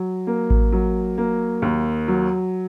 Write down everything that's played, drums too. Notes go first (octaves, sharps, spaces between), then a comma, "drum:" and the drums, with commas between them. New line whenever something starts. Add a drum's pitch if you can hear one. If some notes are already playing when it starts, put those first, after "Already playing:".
Already playing: F#3
A#3
drum: kick A1
F#3
A#3
D#2
F#3